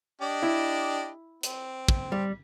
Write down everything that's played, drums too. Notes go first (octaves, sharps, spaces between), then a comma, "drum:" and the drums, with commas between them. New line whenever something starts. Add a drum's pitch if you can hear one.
D4 G4 D#5
E4
C4, drum: hi-hat
drum: kick
G3